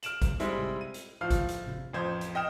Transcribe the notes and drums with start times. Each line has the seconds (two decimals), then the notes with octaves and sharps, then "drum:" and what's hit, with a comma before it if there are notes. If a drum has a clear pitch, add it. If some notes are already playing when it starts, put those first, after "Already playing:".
0.03 F6 D7 E7 F#7, drum: hi-hat
0.22 drum: kick G#1, hi-hat
0.40 G3 G#3 C4 E4, drum: hi-hat
0.58 drum: tom C3
0.81 D#7
0.94 drum: hi-hat
1.21 A2 F3 F5 F6
1.30 drum: kick G#1, hi-hat
1.49 drum: hi-hat
1.67 drum: tom C3
1.93 A1 F2 C5 G#6
2.21 drum: hi-hat
2.35 D#5 G5 F6 E7